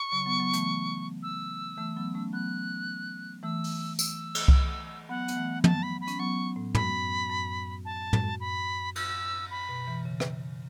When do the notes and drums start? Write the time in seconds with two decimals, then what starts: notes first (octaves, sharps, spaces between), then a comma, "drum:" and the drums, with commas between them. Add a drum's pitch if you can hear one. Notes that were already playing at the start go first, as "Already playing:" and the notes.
Already playing: C#6
0.12 C#3 F#3
0.26 F#3 B3
0.40 F#3 B3
0.53 E3 A3, drum: hi-hat
1.23 E6
1.77 E3 A3
1.96 F#3 B3
2.14 A3 C#4
2.33 F#3 B3 F#6
3.43 E3 A3 E6
3.64 drum: open hi-hat
3.99 E6, drum: tambourine
4.35 drum: cymbal
4.48 drum: kick C2
5.09 F#3 B3 F#5
5.28 B3, drum: hi-hat
5.36 E3 A3
5.64 F#3 B3 A5, drum: tom
5.83 B5
6.01 B5
6.08 C#4, drum: hi-hat
6.19 F#3 B3 C#6
6.56 A2
6.75 F#2 B5, drum: tom
7.30 F#2
7.85 A5
8.13 F#2, drum: tom
8.40 B5
8.95 E6, drum: cymbal
9.51 B5
9.69 B2
9.87 B2 E3
10.05 C#3
10.20 drum: rim click